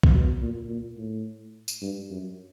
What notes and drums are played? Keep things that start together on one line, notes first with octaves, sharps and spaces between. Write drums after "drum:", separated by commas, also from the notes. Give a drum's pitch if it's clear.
drum: kick
B2
A#2
A#2
A2
drum: tambourine
G2
F#2